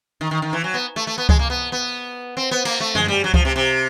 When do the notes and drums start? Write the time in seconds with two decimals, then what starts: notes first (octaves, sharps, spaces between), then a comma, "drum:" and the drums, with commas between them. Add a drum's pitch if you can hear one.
0.21 D#3
0.31 D#3
0.42 D#3
0.53 E3
0.64 F#3
0.74 B3
0.96 A3
1.07 A3
1.18 B3
1.29 G#3, drum: kick C#2
1.39 A#3
1.50 B3
1.72 B3
2.37 C4
2.51 B3
2.65 A#3, drum: cymbal
2.80 A3
2.95 G#3, drum: tom F#2
3.08 G3
3.24 F#3
3.34 F3, drum: kick C#2
3.45 C3
3.56 C3